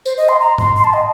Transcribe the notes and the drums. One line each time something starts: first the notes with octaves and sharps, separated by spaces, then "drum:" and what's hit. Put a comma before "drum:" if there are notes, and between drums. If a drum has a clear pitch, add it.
C5, drum: tambourine
D#5
C6
A#5
C6, drum: tom G2
C6
A5
D#5